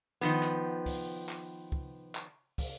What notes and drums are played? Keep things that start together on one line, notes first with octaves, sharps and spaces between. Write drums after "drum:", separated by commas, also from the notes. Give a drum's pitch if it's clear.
D#3 F3 B3
drum: clap
drum: kick, open hi-hat
drum: clap
drum: kick
drum: clap
drum: kick, open hi-hat